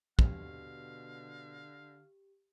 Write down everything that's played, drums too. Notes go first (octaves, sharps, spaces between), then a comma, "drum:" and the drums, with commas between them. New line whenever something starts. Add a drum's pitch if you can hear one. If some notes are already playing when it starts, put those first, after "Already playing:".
B2 D3 G4 F5, drum: kick